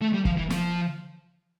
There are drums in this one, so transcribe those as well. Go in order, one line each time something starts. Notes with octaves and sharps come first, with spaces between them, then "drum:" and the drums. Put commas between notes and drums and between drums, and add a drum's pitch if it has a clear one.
A3
G3
F3, drum: kick
E3
F3, drum: snare